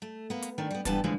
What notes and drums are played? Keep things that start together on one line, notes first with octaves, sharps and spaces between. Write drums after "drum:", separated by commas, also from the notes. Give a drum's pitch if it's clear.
A3
A#3 B3
drum: hi-hat
D#3 A3 D4
G3 B3
G2 E3 B3 G4 B4 A5, drum: kick, hi-hat
A#2 D3 E3 F3 G#3 A3